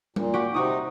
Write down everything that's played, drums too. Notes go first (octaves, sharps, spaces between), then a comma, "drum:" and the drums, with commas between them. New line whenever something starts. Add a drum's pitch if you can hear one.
A#2, drum: tom G3
F#4 G4 D7
C3 D#4 F#4 D#6